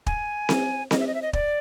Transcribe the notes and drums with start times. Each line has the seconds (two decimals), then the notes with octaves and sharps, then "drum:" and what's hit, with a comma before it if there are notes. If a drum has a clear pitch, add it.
0.07 G#5, drum: kick
0.49 drum: snare C4
0.91 D#5, drum: snare C4
1.00 E5
1.07 D#5
1.15 E5
1.22 D#5
1.33 D5, drum: kick